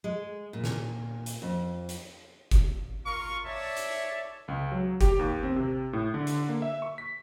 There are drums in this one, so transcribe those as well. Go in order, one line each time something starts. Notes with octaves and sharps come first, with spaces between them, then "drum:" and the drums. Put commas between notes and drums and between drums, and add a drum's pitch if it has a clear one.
G#3
A#2
drum: snare
drum: hi-hat
F2
drum: hi-hat
drum: kick F1, hi-hat
F4 A#4 C#6
C#5 D5 E5 A5
drum: hi-hat
C#2
F#3
G4, drum: kick F1, hi-hat
D#2
C4
C3
A2
D3
drum: hi-hat
A#3
E5
C#6
B6